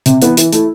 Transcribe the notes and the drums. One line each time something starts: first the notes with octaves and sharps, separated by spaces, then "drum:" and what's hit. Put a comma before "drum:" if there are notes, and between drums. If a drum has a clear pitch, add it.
C3, drum: hi-hat
E3 B3, drum: hi-hat
E3, drum: hi-hat
A3 E4, drum: hi-hat